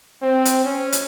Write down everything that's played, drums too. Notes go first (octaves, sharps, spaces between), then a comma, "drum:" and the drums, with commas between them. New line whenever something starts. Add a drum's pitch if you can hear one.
C4
drum: hi-hat
C#4
drum: hi-hat